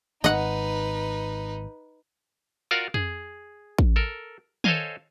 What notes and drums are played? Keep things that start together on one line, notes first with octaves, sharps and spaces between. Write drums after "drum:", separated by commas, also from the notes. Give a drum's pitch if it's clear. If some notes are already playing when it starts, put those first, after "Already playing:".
G#1 D#4 B4 D#5 F#5, drum: tambourine
F4 F#4 A#4 D5 F5 F#5
G#4, drum: tom F2
drum: kick A1
A4 A#4
A4 C5 C#5 D#5 F5 G#5, drum: tom D#3